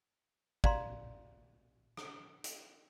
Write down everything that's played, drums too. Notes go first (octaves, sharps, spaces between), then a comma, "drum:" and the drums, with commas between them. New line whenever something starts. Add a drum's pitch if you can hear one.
D5 F5 A#5 C6, drum: kick
drum: rim click
drum: hi-hat